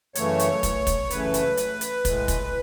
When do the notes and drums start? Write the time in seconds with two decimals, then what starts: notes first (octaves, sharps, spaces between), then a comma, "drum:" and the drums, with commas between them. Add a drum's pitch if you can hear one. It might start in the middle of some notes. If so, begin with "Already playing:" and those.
0.15 F#2 C#3 E3 A3 C#5, drum: hi-hat
0.39 drum: hi-hat
0.63 drum: kick, hi-hat
0.87 drum: kick, hi-hat
1.10 F#2 C#3 E3 A3 B4, drum: hi-hat
1.34 drum: hi-hat
1.57 drum: hi-hat
1.81 drum: hi-hat
2.05 A2 E3 G#3, drum: kick, hi-hat
2.28 drum: kick, hi-hat